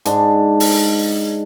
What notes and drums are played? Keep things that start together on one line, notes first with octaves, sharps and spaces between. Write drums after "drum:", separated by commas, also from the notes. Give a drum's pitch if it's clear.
G#2 D4, drum: hi-hat
drum: open hi-hat